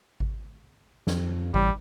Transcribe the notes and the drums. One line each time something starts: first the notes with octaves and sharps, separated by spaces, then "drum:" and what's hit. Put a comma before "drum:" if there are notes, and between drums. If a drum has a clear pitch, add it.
drum: kick G#1
F2, drum: snare
A1 G3, drum: kick G#1